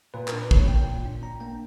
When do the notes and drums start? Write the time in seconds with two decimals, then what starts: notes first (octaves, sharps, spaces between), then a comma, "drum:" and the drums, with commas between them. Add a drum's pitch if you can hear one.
0.14 A#2 B4
0.28 A#4, drum: clap
0.32 D4
0.41 B4
0.51 A#3 C#5, drum: kick
0.68 A#2 G5
0.87 A#2
1.05 D4
1.23 D4 A#5
1.40 A#3 G5